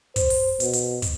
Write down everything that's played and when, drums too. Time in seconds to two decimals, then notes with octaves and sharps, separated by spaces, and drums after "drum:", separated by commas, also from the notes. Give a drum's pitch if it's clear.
0.16 C5, drum: kick, hi-hat
0.30 drum: open hi-hat
0.60 B2, drum: hi-hat
0.73 drum: hi-hat
1.02 drum: kick, hi-hat